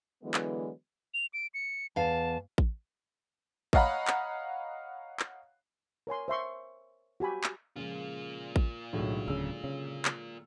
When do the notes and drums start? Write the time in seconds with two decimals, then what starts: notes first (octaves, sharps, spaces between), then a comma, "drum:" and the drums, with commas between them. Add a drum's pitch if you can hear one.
0.23 D3 E3 F#3 G#3 B3
0.34 drum: clap
1.14 F7
1.33 D7
1.54 C#7
1.96 E2 F5 A5
2.58 drum: kick A1
3.73 C#5 D#5 F5 F#5 A#5 B5, drum: kick A1
4.07 drum: clap
5.20 drum: clap
6.07 A#4 C#5 G#5 C6
6.28 C5 E5 C6 C#6
7.20 F#4 G4 G#5 B5
7.44 drum: clap
7.76 C#3 F3 G#3 A#3 F4
8.56 drum: kick A1
8.93 B1 A2 D3 F#3 G#3
9.28 D1 C#3 E6
9.64 C#3
10.05 drum: clap